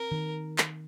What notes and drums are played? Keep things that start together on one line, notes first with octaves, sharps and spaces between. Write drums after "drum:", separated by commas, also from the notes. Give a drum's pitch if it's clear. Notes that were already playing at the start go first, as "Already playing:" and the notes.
Already playing: C4 A#4
D#3
drum: clap